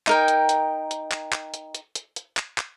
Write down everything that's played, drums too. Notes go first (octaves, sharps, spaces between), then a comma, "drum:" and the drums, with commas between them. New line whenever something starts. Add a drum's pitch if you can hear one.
D#4 A#4 G5, drum: clap
drum: hi-hat
drum: hi-hat
drum: hi-hat
drum: clap
drum: clap
drum: hi-hat
drum: hi-hat
drum: hi-hat
drum: hi-hat
drum: clap
drum: clap